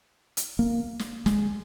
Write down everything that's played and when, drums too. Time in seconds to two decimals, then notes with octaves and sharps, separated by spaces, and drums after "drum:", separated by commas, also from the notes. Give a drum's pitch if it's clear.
0.37 drum: hi-hat
0.59 A#3
0.99 drum: snare
1.26 G#3, drum: snare